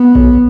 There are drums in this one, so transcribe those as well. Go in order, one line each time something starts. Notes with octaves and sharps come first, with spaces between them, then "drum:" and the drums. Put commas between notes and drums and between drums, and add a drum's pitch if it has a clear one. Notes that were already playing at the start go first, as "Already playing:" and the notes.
Already playing: B3
drum: kick A#1